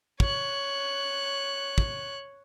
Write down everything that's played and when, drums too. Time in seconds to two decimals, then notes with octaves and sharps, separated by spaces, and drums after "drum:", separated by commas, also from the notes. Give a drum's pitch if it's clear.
0.20 C#5 F#6, drum: kick
1.78 drum: kick